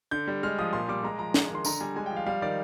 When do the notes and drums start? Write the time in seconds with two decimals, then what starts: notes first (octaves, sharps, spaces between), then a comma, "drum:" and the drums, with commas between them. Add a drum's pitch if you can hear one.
0.11 D3 G6
0.28 G3
0.43 G#3 F6
0.59 F3 D#6
0.73 A#2 C6
0.88 G3 D6
1.03 G#3 A#5
1.19 F3 A#5
1.34 G#3, drum: snare
1.50 D#3 C6
1.65 D3 A#5, drum: tambourine
1.81 G3 G#5
1.96 G#3 G#5
2.06 G5
2.11 F3
2.16 F5
2.26 G3 F5
2.42 D#3 D5